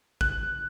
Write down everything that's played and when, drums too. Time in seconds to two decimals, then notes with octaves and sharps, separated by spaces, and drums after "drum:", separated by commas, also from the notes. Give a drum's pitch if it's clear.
0.21 F#6, drum: kick